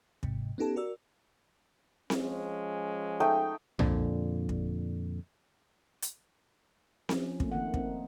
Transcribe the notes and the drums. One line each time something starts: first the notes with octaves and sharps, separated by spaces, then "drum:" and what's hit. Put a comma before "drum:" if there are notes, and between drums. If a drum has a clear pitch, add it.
G#2 C3, drum: kick
B3 C#4 D#4 G4 A4 A5
F#4 A#4 D5 E6
F3 G#3 C#4, drum: snare C4
A3 D#4 G5
F2 A#2 D3, drum: tom B1
drum: kick
drum: hi-hat
F3 C#4, drum: snare C4
A3 A#3 C4, drum: kick
D#3 A#3 F#5
A#3 C4 D#4, drum: kick